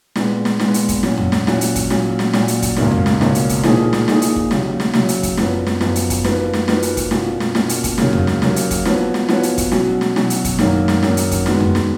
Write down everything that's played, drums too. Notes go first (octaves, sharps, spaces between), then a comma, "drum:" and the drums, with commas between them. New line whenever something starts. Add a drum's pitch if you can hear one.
A#2 G#3 B3, drum: snare
drum: snare
A#2 G#3 B3, drum: snare
drum: hi-hat
drum: kick, hi-hat
A#2 F#3 C#4 F#4, drum: snare
drum: tom E2
drum: snare
A#2 F#3 C#4 F#4, drum: snare
drum: hi-hat
drum: kick, hi-hat
A#2 F#3 C#4, drum: snare
drum: snare
A#2 F#3 C#4, drum: snare
drum: hi-hat
drum: kick, hi-hat
C#2 B2 A#3 C#4, drum: snare
drum: tom E2
drum: snare
C#2 B2 A#3 C#4, drum: snare
drum: hi-hat
drum: kick, hi-hat
A#2 F3 A#3 D#4 G#4, drum: snare
drum: snare
A#2 F3 A#3 D#4 G#4, drum: snare
drum: hi-hat
drum: kick
D#2 C#3 F#3, drum: snare
drum: snare
D#2 C#3 F#3, drum: snare
drum: hi-hat
drum: kick, hi-hat
F#2 F3 B3, drum: snare
drum: snare
F#2 F3 B3, drum: snare
drum: hi-hat
drum: kick, hi-hat
F3 A#3 D#4 F#4 B4, drum: snare
drum: snare
F3 A#3 D#4 F#4 B4, drum: snare
drum: hi-hat
drum: kick, hi-hat
B2 A#3 C#4 F4, drum: snare
drum: snare
B2 A#3 C#4 F4, drum: snare
drum: hi-hat
drum: kick, hi-hat
D#2 C#3 F#3 A#3, drum: snare
drum: tom E2
drum: snare
D#2 C#3 F#3 A#3, drum: snare
drum: hi-hat
drum: kick, hi-hat
F3 B3 F#4 C#5, drum: snare
drum: snare
F3 B3 F#4 C#5, drum: snare
drum: hi-hat
drum: kick, hi-hat
B2 F#3 C#4 F#4, drum: snare
drum: snare
B2 F#3 C#4 F#4, drum: snare
drum: hi-hat
drum: kick, hi-hat
F#2 D#3 F#3 A#3, drum: snare
drum: snare
F#2 D#3 F#3 A#3, drum: snare
drum: hi-hat
drum: kick, hi-hat
D#3 G#3 B3 F#4, drum: snare
drum: tom E2
drum: snare